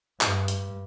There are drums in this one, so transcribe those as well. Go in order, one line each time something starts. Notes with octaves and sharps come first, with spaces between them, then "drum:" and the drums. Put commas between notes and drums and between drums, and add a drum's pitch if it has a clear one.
G2, drum: clap
drum: hi-hat